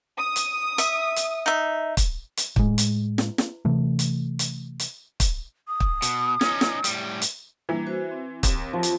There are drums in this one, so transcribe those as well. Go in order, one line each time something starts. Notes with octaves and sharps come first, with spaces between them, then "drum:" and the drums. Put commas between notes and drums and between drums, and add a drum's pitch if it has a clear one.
D#6
drum: hi-hat
E5, drum: hi-hat
drum: hi-hat
D#4 E5
drum: kick, hi-hat
drum: hi-hat
A2 G#3, drum: kick
drum: hi-hat
drum: snare
drum: snare
C3 E3 A3
drum: hi-hat
drum: hi-hat
drum: hi-hat
drum: kick, hi-hat
D#6
drum: kick
B2, drum: hi-hat
C#4 D#4, drum: snare
drum: snare
A2 G3, drum: hi-hat
drum: hi-hat
E3 G3 A#3 D4
F#4 C5
C4
D#2 E7, drum: kick, hi-hat
F3
drum: hi-hat